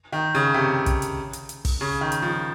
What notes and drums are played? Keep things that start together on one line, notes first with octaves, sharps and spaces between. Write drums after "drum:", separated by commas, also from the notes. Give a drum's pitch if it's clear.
D#3
C#3
C3
drum: kick, hi-hat
drum: hi-hat
drum: hi-hat
drum: hi-hat
drum: kick, open hi-hat
C#3
D#3
drum: hi-hat
F3